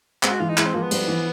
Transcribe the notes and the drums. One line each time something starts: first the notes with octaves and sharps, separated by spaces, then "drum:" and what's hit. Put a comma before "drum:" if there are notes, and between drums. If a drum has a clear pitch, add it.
G#3 C4, drum: clap
F#4
E3 F4
D#4
G#3 E4, drum: clap
C4
F3 A#3
B3
G3, drum: cymbal
E3